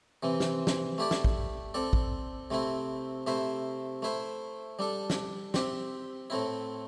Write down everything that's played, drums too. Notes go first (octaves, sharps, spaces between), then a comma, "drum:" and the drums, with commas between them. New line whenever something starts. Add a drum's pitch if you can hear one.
C3 E3 C4
drum: snare
drum: snare
A3 E4 G4 D5
drum: snare
drum: kick
C4 A4 D5
drum: kick
C3 A3 C4 E4
C3 A3 E4 C5 E5
A3 E4 C5 E5
G3 D4 A4
drum: snare
C4 G4 E5, drum: snare
A2 A3 C4 E4